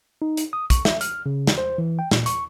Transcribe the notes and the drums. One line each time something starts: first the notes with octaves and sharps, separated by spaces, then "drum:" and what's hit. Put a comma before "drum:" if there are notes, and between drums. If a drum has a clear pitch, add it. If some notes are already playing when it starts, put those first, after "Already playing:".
D#4
drum: hi-hat
D#6
C#6, drum: kick, hi-hat
E5, drum: snare
F6, drum: hi-hat
C#3
drum: snare
C5
E3
G5
A#2, drum: snare
C#6, drum: hi-hat